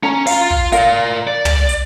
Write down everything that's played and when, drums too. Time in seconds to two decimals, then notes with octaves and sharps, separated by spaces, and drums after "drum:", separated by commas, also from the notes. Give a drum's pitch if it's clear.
0.03 C#4 A#5
0.27 F4 F5, drum: open hi-hat
0.50 drum: kick
0.72 A#4 D5 F5, drum: hi-hat
1.27 D5
1.45 drum: tom
1.69 drum: hi-hat